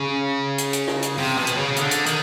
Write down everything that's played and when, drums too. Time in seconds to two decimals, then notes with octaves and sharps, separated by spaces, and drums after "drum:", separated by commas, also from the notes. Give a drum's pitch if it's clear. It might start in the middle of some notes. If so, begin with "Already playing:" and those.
Already playing: C#3
0.58 drum: hi-hat
0.73 drum: hi-hat
0.88 drum: rim click
1.02 drum: hi-hat
1.18 C3, drum: open hi-hat
1.37 B2
1.47 drum: hi-hat
1.57 C#3
1.76 D3, drum: hi-hat
1.91 drum: hi-hat
2.06 D#3, drum: hi-hat